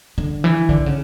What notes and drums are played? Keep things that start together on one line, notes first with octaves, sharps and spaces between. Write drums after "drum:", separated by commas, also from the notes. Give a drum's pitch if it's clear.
D3
E3
D3, drum: kick
C#3